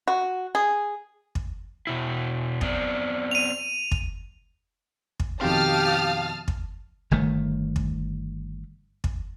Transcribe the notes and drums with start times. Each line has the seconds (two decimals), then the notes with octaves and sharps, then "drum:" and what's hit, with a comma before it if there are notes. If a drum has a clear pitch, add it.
0.08 F#4
0.55 G#4
1.35 drum: kick
1.87 B2 E4
2.61 B3 C4 D5, drum: kick
3.31 D#7 F7
3.91 drum: kick
5.20 drum: kick
5.41 F2 B2 D#3 G4 F5 A5 D#6 F6
6.48 drum: kick
7.11 G1 D#3 A3
7.76 drum: kick
9.04 drum: kick